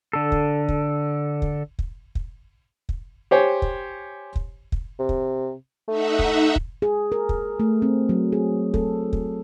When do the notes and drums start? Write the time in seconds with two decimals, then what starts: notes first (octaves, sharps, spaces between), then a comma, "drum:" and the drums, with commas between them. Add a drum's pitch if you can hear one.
0.13 D3 A4
0.32 drum: kick
0.69 drum: kick
1.42 drum: kick
1.79 drum: kick
2.15 drum: kick
2.89 drum: kick
3.31 G4 C5 C#5 G#5
3.62 drum: kick
4.36 drum: kick
4.72 drum: kick
4.99 C3
5.09 drum: kick
5.88 A3 D#4 E5 F#5
6.19 drum: kick
6.56 drum: kick
6.82 G#4
7.12 A#4
7.29 drum: kick
7.60 A3
7.82 C4
8.09 F#3
8.32 G#4
8.74 A4, drum: kick
9.13 drum: kick